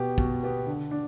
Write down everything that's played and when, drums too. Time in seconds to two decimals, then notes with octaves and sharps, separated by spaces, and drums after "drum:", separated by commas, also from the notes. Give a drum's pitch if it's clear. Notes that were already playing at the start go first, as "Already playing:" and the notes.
Already playing: B2 B3 G4
0.18 B2, drum: kick
0.43 B3 G4
0.67 D3
0.91 D4